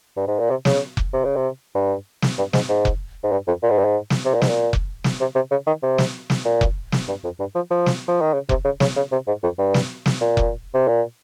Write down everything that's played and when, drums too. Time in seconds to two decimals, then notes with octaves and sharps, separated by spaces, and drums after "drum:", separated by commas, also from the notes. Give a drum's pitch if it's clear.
0.16 G2
0.27 G#2
0.39 A#2
0.50 C3
0.65 C#3, drum: snare
0.97 drum: kick F1
1.13 C3
1.25 C#3
1.36 C3
1.75 G2
2.22 drum: snare
2.38 G2
2.53 G#2, drum: snare
2.69 G#2
2.85 drum: kick F1
3.23 G#2
3.32 G2
3.47 F2
3.63 A#2
3.70 G#2
3.78 G2
3.85 G#2
4.10 drum: snare
4.25 C3
4.34 A#2
4.42 G#2, drum: snare
4.49 A#2
4.73 drum: kick F1
5.04 drum: snare
5.20 C3
5.35 C3
5.51 C#3
5.67 D#3
5.83 C3
5.98 drum: snare
6.30 drum: snare
6.45 A#2
6.61 drum: kick F1
6.92 drum: snare
7.08 G2
7.24 F2
7.39 G2
7.55 F3
7.71 F3
7.86 drum: snare
8.08 F3
8.21 D#3
8.34 C#3
8.49 C3, drum: kick F1
8.64 C#3
8.80 C#3, drum: snare
8.96 C#3
9.12 C3
9.27 G#2
9.43 F2
9.58 G2
9.74 drum: snare
10.06 drum: snare
10.21 A#2
10.37 drum: kick F1
10.74 C3
10.88 A#2